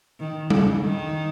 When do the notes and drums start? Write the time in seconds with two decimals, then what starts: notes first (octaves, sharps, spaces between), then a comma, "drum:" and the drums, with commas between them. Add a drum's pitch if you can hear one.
0.20 D#3
0.50 C#3, drum: tom G3
0.80 D#3